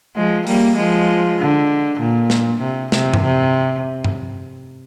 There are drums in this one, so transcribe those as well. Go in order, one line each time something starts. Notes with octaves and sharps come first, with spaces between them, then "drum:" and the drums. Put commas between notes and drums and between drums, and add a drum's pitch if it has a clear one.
F3 G#3
G3 A#3, drum: open hi-hat
F3 G#3
D3
A#2
drum: snare
C3
C3, drum: snare
drum: tom G2
C3
drum: tom G2